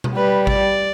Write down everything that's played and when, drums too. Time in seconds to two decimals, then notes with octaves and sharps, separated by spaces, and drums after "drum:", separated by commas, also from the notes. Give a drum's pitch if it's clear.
0.04 drum: tom B2
0.15 G3 B4
0.47 D5, drum: kick G#1